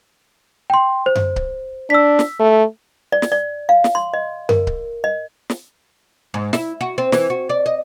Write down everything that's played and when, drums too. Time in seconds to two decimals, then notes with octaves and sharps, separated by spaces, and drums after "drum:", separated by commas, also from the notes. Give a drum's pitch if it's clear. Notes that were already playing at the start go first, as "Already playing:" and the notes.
0.70 G5 C6
1.06 C5
1.15 drum: tom F#2
1.36 drum: kick C#1
1.90 D4 E6 B6
2.19 drum: snare
2.40 A3
3.12 D5
3.22 drum: snare
3.32 D5
3.69 F5
3.84 drum: snare
3.95 C6
4.14 D#5
4.49 A#4, drum: tom F#2
4.67 drum: kick C#1
5.04 D#5
5.50 drum: snare
6.34 G#2
6.53 E4, drum: snare
6.81 F#4
6.98 C4
7.12 E3, drum: snare
7.30 F#4
7.49 D5
7.66 D#5